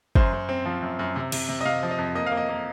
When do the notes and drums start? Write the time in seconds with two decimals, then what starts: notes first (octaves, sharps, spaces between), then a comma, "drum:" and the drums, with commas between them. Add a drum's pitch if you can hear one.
0.15 F#2 C5, drum: kick
0.32 F#2
0.49 C4
0.65 F3
0.82 F#2
0.99 F#2
1.16 C3
1.32 C3, drum: cymbal
1.49 C3
1.61 D#5
1.65 C3 F5
1.83 F3
1.91 D#5
1.99 F2
2.15 A#3 D#5
2.26 F5
2.32 A#3
2.37 D#5
2.49 A#3